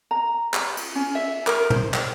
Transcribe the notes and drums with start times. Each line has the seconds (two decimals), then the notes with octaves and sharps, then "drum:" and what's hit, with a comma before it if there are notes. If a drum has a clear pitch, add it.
0.11 A#5
0.54 drum: clap
0.77 drum: cymbal
0.95 C#4
1.15 E5
1.47 A#4, drum: clap
1.70 C5, drum: tom
1.94 drum: clap